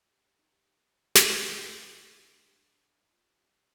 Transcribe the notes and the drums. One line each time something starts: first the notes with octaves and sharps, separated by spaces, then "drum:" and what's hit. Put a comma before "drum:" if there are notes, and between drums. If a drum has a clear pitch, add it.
G4
G4
D#4
G4
drum: snare
G4
F4
D#4
F4
D4
D#4
F4
G4
G4